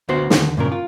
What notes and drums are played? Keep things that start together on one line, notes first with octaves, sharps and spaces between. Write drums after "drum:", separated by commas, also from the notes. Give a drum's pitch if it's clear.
D2 B3 F#4 C5
D#2 D3, drum: snare
G2 A#2 C#3 A#4
F4